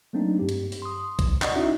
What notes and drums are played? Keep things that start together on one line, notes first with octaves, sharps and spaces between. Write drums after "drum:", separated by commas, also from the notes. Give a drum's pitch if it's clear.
F#3 A3 A#3 C4 D4 D#4
G2 G4
drum: hi-hat
drum: open hi-hat
C6 D#6
drum: kick, hi-hat
D5 D#5 F#5, drum: clap
C#4 D#4 E4 F#4 E5